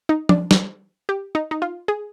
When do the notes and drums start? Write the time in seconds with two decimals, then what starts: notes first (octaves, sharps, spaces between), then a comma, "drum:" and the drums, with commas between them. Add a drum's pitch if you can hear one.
0.09 D#4
0.29 D4, drum: tom F3
0.51 drum: snare
1.09 G4
1.35 D#4
1.51 D#4
1.62 F4
1.88 G#4